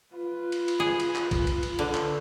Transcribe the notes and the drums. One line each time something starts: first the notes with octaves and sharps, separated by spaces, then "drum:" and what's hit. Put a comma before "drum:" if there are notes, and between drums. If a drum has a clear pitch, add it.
F4 B4
drum: cymbal
drum: cymbal
G#4
drum: cymbal
drum: clap
drum: kick, cymbal
drum: cymbal
drum: cymbal
D3, drum: cymbal
drum: clap